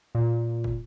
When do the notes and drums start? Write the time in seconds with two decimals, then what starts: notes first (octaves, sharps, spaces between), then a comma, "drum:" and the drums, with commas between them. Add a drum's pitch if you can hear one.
0.15 A#2
0.64 drum: kick